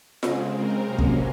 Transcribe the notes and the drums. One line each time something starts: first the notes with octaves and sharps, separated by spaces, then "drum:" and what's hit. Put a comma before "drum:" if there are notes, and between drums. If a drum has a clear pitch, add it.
C#3 G#3 C4 G#4, drum: snare F4
A#4
F2 C3 F#3 A#3 C#4 C5
drum: kick